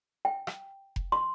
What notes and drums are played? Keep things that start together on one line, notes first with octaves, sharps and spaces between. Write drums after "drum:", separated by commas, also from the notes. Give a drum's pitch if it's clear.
G5
drum: rim click
drum: kick F1
C6